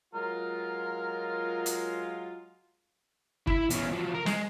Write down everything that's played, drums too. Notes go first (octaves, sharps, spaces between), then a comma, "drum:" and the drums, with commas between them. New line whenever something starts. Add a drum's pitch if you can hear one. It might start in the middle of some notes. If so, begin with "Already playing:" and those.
F#3 G#3 F4 A#4
drum: hi-hat
E4 B5, drum: kick G1
E2 C#4, drum: hi-hat
F3 F#3
A#4
G#3, drum: snare